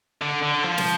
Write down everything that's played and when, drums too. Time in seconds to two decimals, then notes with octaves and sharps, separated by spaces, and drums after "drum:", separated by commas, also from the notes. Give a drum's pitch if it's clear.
0.21 D3
0.42 D3
0.63 F3
0.78 drum: snare